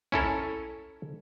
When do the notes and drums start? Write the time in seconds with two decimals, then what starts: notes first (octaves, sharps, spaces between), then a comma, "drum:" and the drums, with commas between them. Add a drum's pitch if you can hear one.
0.12 C#4 E4 A4 A#4, drum: kick